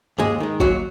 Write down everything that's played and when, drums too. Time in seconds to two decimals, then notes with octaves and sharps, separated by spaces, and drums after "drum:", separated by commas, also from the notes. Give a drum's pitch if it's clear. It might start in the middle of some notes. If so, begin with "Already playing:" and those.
0.19 D#2 G#3 G#4, drum: tom
0.40 D#3 G#3
0.60 D#2 F#3 F#4, drum: kick A1